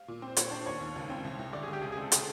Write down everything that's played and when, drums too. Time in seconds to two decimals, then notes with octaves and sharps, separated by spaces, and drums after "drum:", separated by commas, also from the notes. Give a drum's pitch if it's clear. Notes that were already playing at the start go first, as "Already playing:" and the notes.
Already playing: F5
0.08 A#2
0.22 C4
0.28 C5
0.37 A#2 C#5, drum: hi-hat
0.51 D4 C5
0.66 D#2 C#5
0.80 D#2
0.96 C#2
1.10 C4
1.24 C2
1.39 C2
1.53 D3 D5
1.63 G#4
1.68 D3
1.73 G4
1.82 C#2 G#4
1.92 G#4
1.97 C4 A4
2.12 G#4, drum: hi-hat